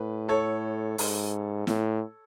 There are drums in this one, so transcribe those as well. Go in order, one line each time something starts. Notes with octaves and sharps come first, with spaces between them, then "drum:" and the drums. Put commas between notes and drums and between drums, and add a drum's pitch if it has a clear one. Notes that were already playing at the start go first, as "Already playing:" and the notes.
Already playing: A2 B4
A4 C#5
G#2, drum: open hi-hat
A2, drum: snare